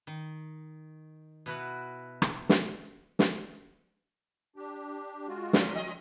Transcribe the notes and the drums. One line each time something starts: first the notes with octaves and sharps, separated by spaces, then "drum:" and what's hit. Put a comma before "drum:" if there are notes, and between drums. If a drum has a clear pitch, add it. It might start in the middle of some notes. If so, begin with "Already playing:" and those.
D#3
B2 E4 F#4 B4
drum: rim click
drum: snare
drum: snare
D4 G4
G#3 F4 F#4
A#2 C4, drum: snare
F3 D#5